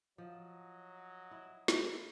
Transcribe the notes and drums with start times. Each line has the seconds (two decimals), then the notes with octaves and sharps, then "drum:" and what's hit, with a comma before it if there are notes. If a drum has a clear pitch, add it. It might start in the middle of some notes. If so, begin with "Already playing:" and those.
0.18 F3 F#3 D#5
1.31 E4
1.68 drum: snare